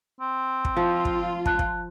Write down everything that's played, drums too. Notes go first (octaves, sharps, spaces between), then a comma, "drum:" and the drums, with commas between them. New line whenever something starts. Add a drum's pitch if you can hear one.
C4
drum: kick
F3 F4
drum: kick
A5 F#6, drum: kick
drum: kick